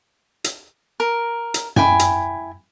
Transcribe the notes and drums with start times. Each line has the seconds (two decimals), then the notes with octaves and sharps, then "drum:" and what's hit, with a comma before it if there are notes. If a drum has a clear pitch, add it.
0.44 drum: hi-hat
1.00 A#4
1.54 drum: hi-hat
1.76 E4 G5 G#5, drum: tom F#2
1.99 drum: hi-hat